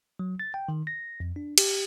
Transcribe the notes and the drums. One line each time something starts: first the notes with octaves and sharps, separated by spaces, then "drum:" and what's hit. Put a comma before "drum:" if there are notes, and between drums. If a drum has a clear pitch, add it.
F#3
A6
G5
D#3
A#6
F2
D4
G4, drum: cymbal